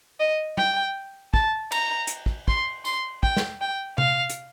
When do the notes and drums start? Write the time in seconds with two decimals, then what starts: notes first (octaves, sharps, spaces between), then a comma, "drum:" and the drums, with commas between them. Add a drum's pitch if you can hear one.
0.20 D#5
0.58 G5, drum: tom G3
1.34 A5, drum: kick
1.72 A#5, drum: cymbal
2.07 drum: hi-hat
2.26 drum: kick
2.48 C6, drum: kick
2.85 C6, drum: tambourine
3.23 G5, drum: kick
3.37 drum: snare
3.61 G5
3.98 F5, drum: tom C3
4.29 drum: hi-hat